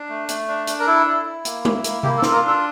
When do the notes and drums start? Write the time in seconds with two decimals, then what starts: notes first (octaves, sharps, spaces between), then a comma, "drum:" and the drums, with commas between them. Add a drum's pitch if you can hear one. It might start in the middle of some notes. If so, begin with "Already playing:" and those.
Already playing: D4
0.09 A3
0.29 A3, drum: hi-hat
0.48 D4
0.67 D4, drum: hi-hat
0.80 A#4
0.87 E4 A4
1.07 E4
1.25 E4
1.45 A#3, drum: hi-hat
1.65 E4, drum: tom G#3
1.84 A#3, drum: hi-hat
2.03 A#3 G4, drum: tom C3
2.18 A4
2.22 F4, drum: snare
2.28 A4
2.32 A#4
2.42 D4
2.47 A4